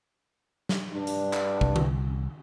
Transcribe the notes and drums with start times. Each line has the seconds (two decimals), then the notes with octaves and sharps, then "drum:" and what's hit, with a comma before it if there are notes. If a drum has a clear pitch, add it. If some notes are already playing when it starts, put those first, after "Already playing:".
0.69 drum: snare
0.93 G2 D4
1.07 drum: hi-hat
1.33 drum: clap
1.61 C2, drum: kick
1.76 drum: tom D3